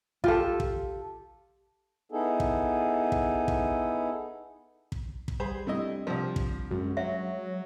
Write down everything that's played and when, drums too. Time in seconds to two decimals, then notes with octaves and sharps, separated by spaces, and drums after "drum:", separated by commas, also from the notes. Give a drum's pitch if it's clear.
0.24 F4 G4 A4, drum: kick
0.60 drum: kick
2.12 B3 D#4 E4 G#4 A4
2.40 drum: kick
3.12 drum: kick
3.48 drum: kick
4.92 drum: kick
5.28 drum: kick
5.40 G3 G#4 C5 B5
5.67 G3 A3 C4 D4 E4 D#5
6.07 C2 F3
6.36 drum: kick
6.71 F#2 G#3 F#4
6.97 F#3 E5